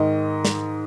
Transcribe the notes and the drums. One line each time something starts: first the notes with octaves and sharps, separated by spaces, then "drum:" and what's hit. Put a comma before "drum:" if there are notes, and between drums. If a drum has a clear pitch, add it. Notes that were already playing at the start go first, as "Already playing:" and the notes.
Already playing: G#2 D#3 D#5
drum: snare